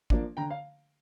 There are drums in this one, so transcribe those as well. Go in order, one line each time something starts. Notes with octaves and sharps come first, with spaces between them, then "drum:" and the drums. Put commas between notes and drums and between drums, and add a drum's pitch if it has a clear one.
F3 A#3 D4, drum: kick
D3 G5 A#5
F5